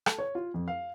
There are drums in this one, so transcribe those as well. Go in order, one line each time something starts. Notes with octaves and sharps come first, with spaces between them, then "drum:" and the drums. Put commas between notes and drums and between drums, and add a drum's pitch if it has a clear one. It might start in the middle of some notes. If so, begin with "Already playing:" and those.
A4, drum: rim click
C#5
F4
F2
F5